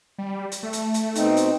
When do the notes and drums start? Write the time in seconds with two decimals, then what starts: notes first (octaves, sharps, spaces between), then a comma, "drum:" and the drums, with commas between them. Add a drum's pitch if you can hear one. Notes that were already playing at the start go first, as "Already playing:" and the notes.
0.18 G3
0.52 drum: hi-hat
0.63 A3
0.73 drum: hi-hat
0.94 drum: hi-hat
1.15 B2 C4 D#4, drum: hi-hat
1.37 drum: hi-hat